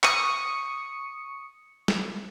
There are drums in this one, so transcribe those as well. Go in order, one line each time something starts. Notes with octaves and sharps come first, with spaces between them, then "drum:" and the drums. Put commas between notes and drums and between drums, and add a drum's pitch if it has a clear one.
C#6 D#6 C#7, drum: clap
drum: snare